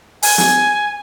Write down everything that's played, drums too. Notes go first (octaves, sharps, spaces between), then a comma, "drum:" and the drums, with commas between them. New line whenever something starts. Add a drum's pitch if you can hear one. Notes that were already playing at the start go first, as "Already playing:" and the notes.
G#5, drum: open hi-hat
drum: snare